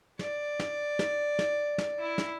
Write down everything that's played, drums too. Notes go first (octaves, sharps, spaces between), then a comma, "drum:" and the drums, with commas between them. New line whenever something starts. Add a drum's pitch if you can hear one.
D5, drum: snare
drum: snare
drum: snare
drum: snare
drum: snare
E4
drum: snare